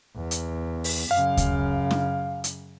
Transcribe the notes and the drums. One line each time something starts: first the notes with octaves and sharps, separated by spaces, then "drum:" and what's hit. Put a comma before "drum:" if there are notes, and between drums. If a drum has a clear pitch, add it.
E2
drum: hi-hat
drum: open hi-hat
F#2 C#3 F5
drum: kick D2, hi-hat
drum: snare
drum: hi-hat